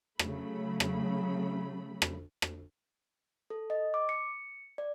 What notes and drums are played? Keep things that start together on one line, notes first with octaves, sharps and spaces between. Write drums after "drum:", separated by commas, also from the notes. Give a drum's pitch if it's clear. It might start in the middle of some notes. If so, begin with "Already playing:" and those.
C#3 F#3 A3 B5, drum: rim click
drum: rim click
drum: rim click
drum: rim click
A4
D#5
D6
C#7
D5